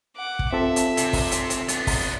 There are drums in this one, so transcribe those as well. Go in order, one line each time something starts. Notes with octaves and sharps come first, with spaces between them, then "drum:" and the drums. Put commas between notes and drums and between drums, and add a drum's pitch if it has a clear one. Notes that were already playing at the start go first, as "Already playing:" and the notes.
F#5 D6
drum: kick
C4 F4 A4 E5
drum: hi-hat
C3, drum: hi-hat
drum: kick, open hi-hat
drum: hi-hat
drum: hi-hat
B3 D4, drum: hi-hat
drum: kick, open hi-hat